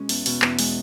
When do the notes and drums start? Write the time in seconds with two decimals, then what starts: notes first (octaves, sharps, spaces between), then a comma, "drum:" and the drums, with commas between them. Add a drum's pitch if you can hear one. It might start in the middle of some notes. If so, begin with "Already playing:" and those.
Already playing: B2 G#3 C#4
0.09 E2, drum: open hi-hat
0.26 B2, drum: open hi-hat
0.42 E2, drum: clap
0.59 G#3, drum: open hi-hat